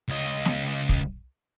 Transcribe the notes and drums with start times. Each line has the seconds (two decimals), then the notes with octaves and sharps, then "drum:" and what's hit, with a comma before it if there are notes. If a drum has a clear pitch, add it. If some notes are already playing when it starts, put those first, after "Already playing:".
0.08 C#2 D#5
0.45 drum: snare
0.89 drum: kick